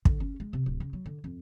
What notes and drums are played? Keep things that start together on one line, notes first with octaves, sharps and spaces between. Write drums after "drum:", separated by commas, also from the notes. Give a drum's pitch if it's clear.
D3, drum: kick
C#4
G#3
C3
D1
C#3
F#3
D3
F2